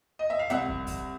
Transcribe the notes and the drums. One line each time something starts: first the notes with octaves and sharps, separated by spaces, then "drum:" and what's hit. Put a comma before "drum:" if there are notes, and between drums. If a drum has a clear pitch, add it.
D#5
E5
F5
C2 E5 F#5, drum: hi-hat
drum: kick
drum: kick, open hi-hat